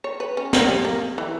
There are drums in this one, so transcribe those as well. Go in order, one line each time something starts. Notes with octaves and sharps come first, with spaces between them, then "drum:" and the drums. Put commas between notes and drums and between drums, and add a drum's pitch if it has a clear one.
C#5
B4
C#4
A#3, drum: snare
G3
A#3
E3